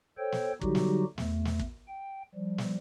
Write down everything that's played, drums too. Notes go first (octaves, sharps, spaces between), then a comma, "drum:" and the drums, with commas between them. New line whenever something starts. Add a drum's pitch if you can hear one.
A4 C5 C#5 G5
drum: snare
D3 F#3 G3 D#4 F#4 G4, drum: kick
drum: snare
E2 A3, drum: snare
drum: snare
drum: kick
G5
F3 G3
drum: snare